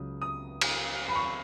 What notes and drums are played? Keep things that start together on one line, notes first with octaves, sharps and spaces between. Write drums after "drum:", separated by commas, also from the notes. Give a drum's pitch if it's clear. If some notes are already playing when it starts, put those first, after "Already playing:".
Already playing: C#2 C#3 F#3 D#6
D#6
drum: cymbal
B5
C#6